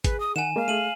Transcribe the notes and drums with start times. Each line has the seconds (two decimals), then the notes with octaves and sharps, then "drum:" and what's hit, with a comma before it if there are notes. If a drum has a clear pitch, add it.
0.04 G#4 B4, drum: kick G#1, hi-hat
0.20 D#6
0.36 D#3 F#5 G#5 E7
0.56 G#3 A#3 A#4 F5
0.68 A3 G#4 D#7 F#7